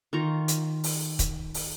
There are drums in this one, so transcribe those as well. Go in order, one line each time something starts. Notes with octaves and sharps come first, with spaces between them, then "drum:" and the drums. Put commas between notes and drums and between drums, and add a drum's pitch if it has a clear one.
D#3 F4 A#5 C#6
drum: hi-hat
drum: open hi-hat
drum: kick, hi-hat
drum: open hi-hat